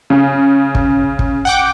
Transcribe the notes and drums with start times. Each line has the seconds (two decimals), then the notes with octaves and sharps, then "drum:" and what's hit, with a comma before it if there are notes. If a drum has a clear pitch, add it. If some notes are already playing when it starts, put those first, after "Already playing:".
0.10 C#3
0.75 drum: kick
1.19 drum: kick
1.45 F#5 G5 D6